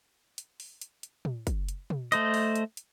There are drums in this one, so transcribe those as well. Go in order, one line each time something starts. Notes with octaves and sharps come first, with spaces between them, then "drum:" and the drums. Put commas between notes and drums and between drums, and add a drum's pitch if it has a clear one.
drum: hi-hat
drum: open hi-hat
drum: hi-hat
drum: hi-hat
drum: tom
drum: kick, hi-hat
drum: hi-hat
drum: tom
A3 C5 D#5, drum: hi-hat
drum: open hi-hat
drum: hi-hat
drum: hi-hat